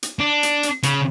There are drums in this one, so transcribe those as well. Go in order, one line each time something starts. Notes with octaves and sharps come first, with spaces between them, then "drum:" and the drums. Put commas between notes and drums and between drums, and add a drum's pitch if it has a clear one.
drum: hi-hat
D4
drum: hi-hat
drum: hi-hat
C#3, drum: hi-hat